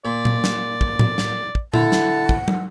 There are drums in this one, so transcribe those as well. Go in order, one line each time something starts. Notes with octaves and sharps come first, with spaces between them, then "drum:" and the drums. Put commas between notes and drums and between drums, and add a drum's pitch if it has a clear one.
A#2 D5
drum: tom A#2
drum: snare
drum: kick
drum: tom A2
drum: snare
drum: kick
D3 E4 F#5 A5, drum: tom A#2
drum: snare
drum: kick
drum: tom